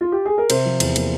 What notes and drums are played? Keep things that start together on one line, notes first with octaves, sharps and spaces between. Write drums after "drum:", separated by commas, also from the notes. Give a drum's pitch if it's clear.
F4
G4
G#4
A#4
C3 C5, drum: cymbal
F3
E2, drum: cymbal
A#3, drum: cymbal